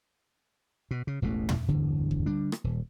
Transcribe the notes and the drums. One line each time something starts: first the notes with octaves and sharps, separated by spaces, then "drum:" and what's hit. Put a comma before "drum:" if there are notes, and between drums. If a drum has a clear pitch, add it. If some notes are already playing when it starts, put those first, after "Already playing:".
B2
C#3
E1 A1 B2 A3
drum: tom
D1 G1 E2 D3
drum: kick
D3 G3 D4
drum: rim click
D#1